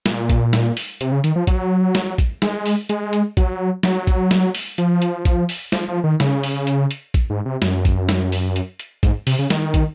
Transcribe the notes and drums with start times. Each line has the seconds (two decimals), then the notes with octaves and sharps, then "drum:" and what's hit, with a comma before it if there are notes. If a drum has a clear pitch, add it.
0.06 A#2, drum: snare
0.29 drum: kick, hi-hat
0.53 drum: snare
0.77 drum: open hi-hat
1.01 C3, drum: hi-hat
1.12 C#3
1.24 D#3, drum: hi-hat
1.36 F3
1.47 F#3, drum: kick, hi-hat
1.95 drum: snare
2.18 drum: kick, hi-hat
2.42 G#3, drum: snare
2.66 drum: open hi-hat
2.89 G#3, drum: hi-hat
3.13 drum: hi-hat
3.37 F#3, drum: kick, hi-hat
3.83 F#3, drum: snare
4.07 drum: kick, hi-hat
4.31 drum: snare
4.55 drum: open hi-hat
4.78 F3, drum: hi-hat
5.02 drum: hi-hat
5.25 drum: kick, hi-hat
5.49 drum: open hi-hat
5.72 F3, drum: snare
5.88 F3
6.04 D#3
6.20 C#3, drum: snare
6.43 drum: open hi-hat
6.67 drum: hi-hat
6.91 drum: hi-hat
7.14 drum: kick, hi-hat
7.30 G#2
7.45 C3
7.62 F#2, drum: snare
7.85 drum: kick, hi-hat
8.09 drum: snare
8.32 drum: open hi-hat
8.56 drum: hi-hat
8.80 drum: hi-hat
9.03 G#2, drum: kick, hi-hat
9.27 C3, drum: open hi-hat
9.39 C#3
9.50 D#3, drum: snare
9.74 drum: kick, hi-hat